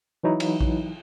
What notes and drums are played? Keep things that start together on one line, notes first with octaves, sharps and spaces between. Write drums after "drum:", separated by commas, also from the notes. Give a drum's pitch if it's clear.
E3 F#3 D#4 E4
drum: cymbal
drum: kick A#1